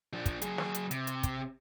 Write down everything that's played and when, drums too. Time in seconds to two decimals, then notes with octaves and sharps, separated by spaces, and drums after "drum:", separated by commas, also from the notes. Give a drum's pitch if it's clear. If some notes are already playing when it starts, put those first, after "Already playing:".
0.13 F3 D4
0.26 drum: kick, hi-hat
0.42 F#3 G#4, drum: hi-hat
0.58 drum: snare
0.74 drum: hi-hat
0.91 C3, drum: hi-hat
1.07 drum: hi-hat
1.23 drum: kick, hi-hat